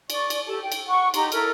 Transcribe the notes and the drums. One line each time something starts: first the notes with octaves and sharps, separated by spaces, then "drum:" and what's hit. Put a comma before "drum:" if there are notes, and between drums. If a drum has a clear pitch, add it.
D5 C#6, drum: cymbal
drum: cymbal
G4 A4 A5
G5
drum: cymbal
F#5 C#6
D#4 G4 A#5 C6, drum: cymbal
E4 A4 A#4 F6, drum: cymbal